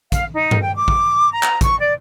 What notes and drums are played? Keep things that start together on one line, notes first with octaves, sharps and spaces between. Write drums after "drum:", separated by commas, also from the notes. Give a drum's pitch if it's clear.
F5, drum: kick, hi-hat
D#4
drum: tom G2
G5
D6
drum: kick
A#5
drum: clap
C#6, drum: kick, hi-hat
D5